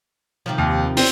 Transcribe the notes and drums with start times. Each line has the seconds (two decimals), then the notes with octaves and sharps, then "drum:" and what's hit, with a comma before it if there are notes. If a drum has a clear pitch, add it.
0.46 C3 D#3 F3
0.58 D#2
0.97 C4, drum: open hi-hat